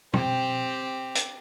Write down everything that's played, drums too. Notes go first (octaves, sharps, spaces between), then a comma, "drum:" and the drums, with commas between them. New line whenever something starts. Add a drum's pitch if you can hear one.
C4 G4, drum: tom B2
drum: hi-hat